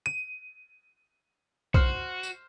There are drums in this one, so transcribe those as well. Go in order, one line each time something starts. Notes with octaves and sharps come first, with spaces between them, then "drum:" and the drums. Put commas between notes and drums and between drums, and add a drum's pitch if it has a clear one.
D#7
F#4 C5 F6, drum: kick B1
drum: tambourine